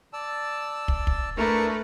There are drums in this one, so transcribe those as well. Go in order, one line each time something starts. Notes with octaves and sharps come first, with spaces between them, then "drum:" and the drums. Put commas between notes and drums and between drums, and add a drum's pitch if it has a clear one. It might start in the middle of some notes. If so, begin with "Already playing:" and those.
D5 A5 E6
drum: kick
drum: kick
A3 D4 E4 A#4 B4 C#6